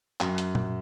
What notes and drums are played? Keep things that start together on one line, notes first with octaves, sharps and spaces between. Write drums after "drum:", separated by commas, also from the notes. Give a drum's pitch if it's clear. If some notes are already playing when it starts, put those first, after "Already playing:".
F#2, drum: clap
drum: hi-hat
drum: tom A#2